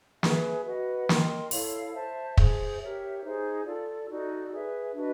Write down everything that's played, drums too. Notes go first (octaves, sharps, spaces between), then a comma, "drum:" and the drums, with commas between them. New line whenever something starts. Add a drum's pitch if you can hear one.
G#4 B4 E5, drum: snare
F#4 B4 D#5 F#5
A#4 D#5 G5 C6, drum: snare
E4 A4 C#5 F5, drum: open hi-hat
C5 E5 A5
G#4 C5 E5, drum: kick
G4 A#4 C#5 E5
D#4 G#4 C5
F4 A4 D5
D#4 F#4 A4 D5
G#4 B4 E5
D4 F#4 B4 D#5